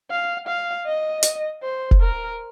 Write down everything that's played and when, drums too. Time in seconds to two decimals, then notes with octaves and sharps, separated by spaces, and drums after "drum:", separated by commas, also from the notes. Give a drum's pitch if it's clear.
0.11 F5
0.48 F5
0.87 D#5
1.23 drum: hi-hat
1.63 C5
1.91 drum: kick
2.01 A#4